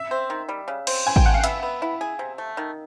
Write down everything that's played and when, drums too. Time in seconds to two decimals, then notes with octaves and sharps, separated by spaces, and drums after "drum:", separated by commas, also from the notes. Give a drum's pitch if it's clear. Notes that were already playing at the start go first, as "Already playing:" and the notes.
Already playing: E5
0.11 C4
0.30 D#3
0.49 G3
0.68 C#3
0.87 C4, drum: cymbal
1.06 E3 G#5
1.16 G5, drum: kick
1.25 A3 F#5
1.34 F5
1.44 B3 E5, drum: hi-hat
1.63 B3
1.82 E4
2.01 G#4
2.19 C3
2.38 A3
2.57 D#3